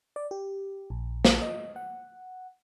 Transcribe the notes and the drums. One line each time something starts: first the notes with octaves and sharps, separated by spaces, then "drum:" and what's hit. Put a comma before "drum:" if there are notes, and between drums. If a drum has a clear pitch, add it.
D5
G4
A#1
drum: snare
D#5
F#5